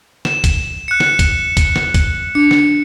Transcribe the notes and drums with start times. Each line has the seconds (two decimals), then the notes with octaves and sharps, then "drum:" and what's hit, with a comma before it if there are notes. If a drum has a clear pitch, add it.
0.25 E7, drum: snare
0.44 drum: kick, hi-hat
0.88 F#6 C#7
1.00 drum: snare
1.19 drum: kick, hi-hat
1.57 drum: kick, hi-hat
1.76 drum: snare
1.94 drum: kick, hi-hat
2.35 D4 C#7
2.51 drum: snare